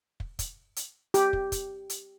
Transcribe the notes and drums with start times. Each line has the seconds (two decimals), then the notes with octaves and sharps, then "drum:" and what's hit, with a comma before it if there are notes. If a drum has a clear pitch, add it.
0.20 drum: kick
0.39 drum: kick, hi-hat
0.76 drum: hi-hat
1.14 G4, drum: hi-hat
1.33 drum: kick
1.52 drum: kick, hi-hat
1.90 drum: hi-hat